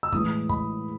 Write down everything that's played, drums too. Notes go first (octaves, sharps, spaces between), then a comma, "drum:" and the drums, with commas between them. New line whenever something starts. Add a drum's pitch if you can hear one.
E6
A2 E3 G#3 D#6, drum: kick
B5, drum: kick